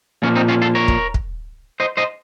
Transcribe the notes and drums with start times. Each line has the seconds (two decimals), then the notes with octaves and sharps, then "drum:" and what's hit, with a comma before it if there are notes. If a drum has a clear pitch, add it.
0.22 A#2 F3 A#3 C#4
0.35 C4 D#4
0.48 C#4 F4
0.62 F4 A4
0.75 A#4 C#5
0.88 drum: kick
1.14 drum: kick
1.80 C5 D#5
1.97 C5 D#5